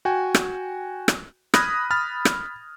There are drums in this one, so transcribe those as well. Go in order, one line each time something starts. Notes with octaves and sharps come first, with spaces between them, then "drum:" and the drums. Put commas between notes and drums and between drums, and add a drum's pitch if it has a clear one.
F#4 G5 G#5
drum: rim click
drum: rim click
B5 D#6 F6 F#6 G#6 A#6, drum: rim click
B5 F6 A6
drum: rim click